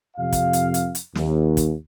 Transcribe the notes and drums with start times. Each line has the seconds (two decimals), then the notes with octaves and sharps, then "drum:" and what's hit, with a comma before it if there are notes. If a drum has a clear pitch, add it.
0.17 F2 C3 F5
0.32 drum: kick, hi-hat
0.53 drum: hi-hat
0.74 drum: hi-hat
0.95 drum: hi-hat
1.15 D#2, drum: snare
1.57 drum: kick, hi-hat